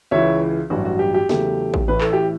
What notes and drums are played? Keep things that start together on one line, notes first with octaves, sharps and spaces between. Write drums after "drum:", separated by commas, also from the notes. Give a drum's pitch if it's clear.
C#2 C#3 E3 C#5 E5
A1 G2 F#3 F#4
F#4
G4
G4
E2 C#3 F#3 A3 G4, drum: snare
drum: kick A1
A1 A2 E3 B4
A4, drum: clap
G4